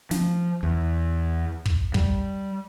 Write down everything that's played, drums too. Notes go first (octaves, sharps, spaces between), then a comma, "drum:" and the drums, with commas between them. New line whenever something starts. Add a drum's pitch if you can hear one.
F3, drum: snare
E2
drum: kick
G3, drum: kick